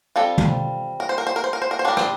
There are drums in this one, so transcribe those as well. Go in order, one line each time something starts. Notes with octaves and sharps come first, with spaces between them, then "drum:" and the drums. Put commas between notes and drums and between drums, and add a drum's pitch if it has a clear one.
G3 C4 F4 A4
drum: tom
A#4
C5
A#4
C5
A#4
C5
A#4
C5
A#4
C5
G3 D4 A#4
C5, drum: rim click